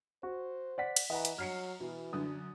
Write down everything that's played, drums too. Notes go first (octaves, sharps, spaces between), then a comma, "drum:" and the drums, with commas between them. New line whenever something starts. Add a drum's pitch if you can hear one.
F#4 C5
D5 F#5 B6
drum: cymbal
E3 D#5 F#5 A#5
drum: hi-hat
F#3 F6 C7 C#7
B2 E3
F#2 D3 D4 D#6